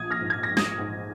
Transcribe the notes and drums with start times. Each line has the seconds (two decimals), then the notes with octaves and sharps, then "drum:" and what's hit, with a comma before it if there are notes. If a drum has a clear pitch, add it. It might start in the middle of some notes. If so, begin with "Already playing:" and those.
Already playing: A#1 D#6 G#6
0.10 F6 A#6
0.21 G#2
0.30 G#6
0.43 A#6
0.50 G#2
0.57 D#6 G#6, drum: snare
0.78 G#2